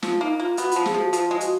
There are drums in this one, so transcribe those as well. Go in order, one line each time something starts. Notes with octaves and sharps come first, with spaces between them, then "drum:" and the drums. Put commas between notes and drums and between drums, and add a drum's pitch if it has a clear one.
F3 F4, drum: snare
A#3 D#4
A#3 F4
B3 F#4, drum: hi-hat
F4, drum: hi-hat
F3
G#4, drum: snare
F3 F#4
F3 F4, drum: hi-hat
G#3
F#4, drum: hi-hat